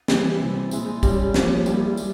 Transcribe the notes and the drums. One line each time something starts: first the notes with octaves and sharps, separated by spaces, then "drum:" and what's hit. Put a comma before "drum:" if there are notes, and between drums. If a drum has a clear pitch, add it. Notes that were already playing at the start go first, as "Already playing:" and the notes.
E3 G3 A#3 E4 G4, drum: snare
C3 G3 C4 E4
A#2 G#3 E4, drum: tambourine
G3 C#4 E4, drum: kick, tambourine
F3 A#3 C#4 G4 C5, drum: snare
G3 A#3 E4 G#4, drum: tambourine
G3, drum: tambourine